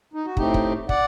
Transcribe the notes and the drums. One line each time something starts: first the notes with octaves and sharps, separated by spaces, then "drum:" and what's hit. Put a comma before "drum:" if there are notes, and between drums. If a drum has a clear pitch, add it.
D#4
F#4
A2 A3 C4 D#4 G4, drum: kick
drum: kick
D5 F#5, drum: kick